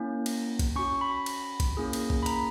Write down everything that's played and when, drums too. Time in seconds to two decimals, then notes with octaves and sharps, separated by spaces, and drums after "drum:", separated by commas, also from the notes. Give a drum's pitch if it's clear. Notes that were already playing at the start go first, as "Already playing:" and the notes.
Already playing: A#3 C#4 E4
0.26 drum: cymbal
0.59 drum: kick A1, cymbal
0.76 C#4 F#4 C#6
1.01 B5
1.26 drum: cymbal
1.60 drum: kick A1, cymbal
1.77 A#3 C#4 E4 G#4
1.93 drum: cymbal
2.10 drum: kick A1
2.23 B5
2.26 A#5, drum: cymbal